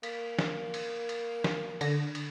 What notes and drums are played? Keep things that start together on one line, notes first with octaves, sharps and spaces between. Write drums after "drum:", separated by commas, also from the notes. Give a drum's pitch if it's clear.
A#3 B6, drum: cymbal
drum: snare
drum: cymbal
drum: cymbal
drum: snare
D3 A#6, drum: cymbal
drum: cymbal